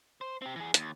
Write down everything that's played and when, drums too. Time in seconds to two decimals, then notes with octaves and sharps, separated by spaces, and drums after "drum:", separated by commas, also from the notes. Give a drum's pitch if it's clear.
0.21 C5
0.42 C4 G4
0.56 E3 G#4
0.74 D#2, drum: hi-hat